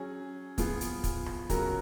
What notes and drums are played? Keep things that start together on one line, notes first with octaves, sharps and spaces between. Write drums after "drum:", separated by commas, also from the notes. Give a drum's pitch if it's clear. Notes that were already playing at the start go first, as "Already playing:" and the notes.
Already playing: F#3 C#4 G#4
F3 B3 F4 G#4, drum: kick, hi-hat
drum: hi-hat
drum: kick, hi-hat
drum: rim click
C#3 F#3 C#4 F#4 A#4, drum: kick, hi-hat